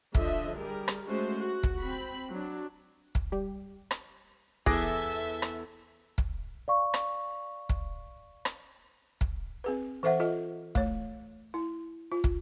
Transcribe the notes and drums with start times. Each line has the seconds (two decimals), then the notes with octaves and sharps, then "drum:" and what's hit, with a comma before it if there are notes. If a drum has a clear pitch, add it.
0.15 D3 F3 D#5 E5, drum: kick
0.56 G3 G#4 A#4
0.88 drum: rim click
1.06 G#3 A3 C#4 F#4 C5
1.44 F#4
1.63 drum: kick
1.81 C4 B5
2.32 F#3 D4
3.15 drum: kick
3.32 G3 G4
3.91 drum: rim click
4.66 E2 G#4 A4 E5 D6 F#6 A#6, drum: kick
5.42 drum: rim click
6.18 drum: kick
6.68 D5 F5 C#6
6.94 drum: rim click
7.69 drum: kick
8.45 drum: rim click
9.21 drum: kick
9.64 C4 G#4 B4
10.03 E3 A4 C5 E5 F#5
10.20 F4 A4 D#5
10.75 A3 C#5, drum: kick
11.54 E4
12.12 F4
12.24 drum: kick